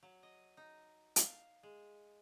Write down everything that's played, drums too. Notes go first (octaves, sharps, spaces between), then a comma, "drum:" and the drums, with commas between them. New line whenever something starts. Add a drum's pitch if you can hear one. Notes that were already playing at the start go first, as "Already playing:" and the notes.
F#3
D#5
D#4
F5, drum: hi-hat
G#3